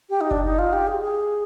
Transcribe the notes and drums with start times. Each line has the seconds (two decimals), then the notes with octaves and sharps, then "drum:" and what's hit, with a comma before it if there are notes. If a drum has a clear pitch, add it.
0.10 G4
0.21 D#4
0.31 D4, drum: kick F#1
0.45 D#4
0.59 F4
0.73 G4
0.87 G#4
1.01 G#4